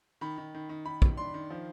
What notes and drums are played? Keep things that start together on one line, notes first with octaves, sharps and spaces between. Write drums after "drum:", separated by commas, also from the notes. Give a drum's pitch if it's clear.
D#3 B5
D#3
D#3
D#3
D#3 B5
D#3, drum: kick
D4 C6
D#3
F3